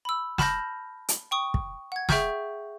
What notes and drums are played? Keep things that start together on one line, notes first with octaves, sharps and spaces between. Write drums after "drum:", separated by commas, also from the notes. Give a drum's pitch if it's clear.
B5 E6
A5 B5 F6 G6 A#6, drum: snare
drum: hi-hat
G5 C#6 D#6
drum: kick
F#5 G#6
G#4 E5 G5 C#6 G6, drum: snare